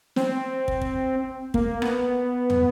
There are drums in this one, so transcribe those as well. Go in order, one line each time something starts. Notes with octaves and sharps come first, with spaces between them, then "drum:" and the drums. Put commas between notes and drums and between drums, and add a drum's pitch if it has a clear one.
C4, drum: snare
drum: kick
drum: kick
A#3, drum: kick
B3, drum: rim click
drum: tom